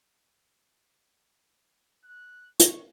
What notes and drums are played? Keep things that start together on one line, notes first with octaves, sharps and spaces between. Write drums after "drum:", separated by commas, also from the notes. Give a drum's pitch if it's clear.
F#6
C#6, drum: hi-hat